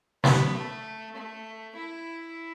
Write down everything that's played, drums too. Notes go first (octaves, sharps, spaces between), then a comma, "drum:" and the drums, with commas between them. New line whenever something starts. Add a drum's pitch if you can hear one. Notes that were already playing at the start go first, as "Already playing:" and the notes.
B3, drum: snare
A3
A3
E4